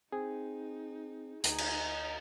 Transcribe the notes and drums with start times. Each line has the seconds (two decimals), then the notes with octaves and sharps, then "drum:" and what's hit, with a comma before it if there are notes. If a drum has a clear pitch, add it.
0.12 C4 D#4 G#4
1.44 D2 D#4 F#4 G#5, drum: hi-hat
1.58 drum: cymbal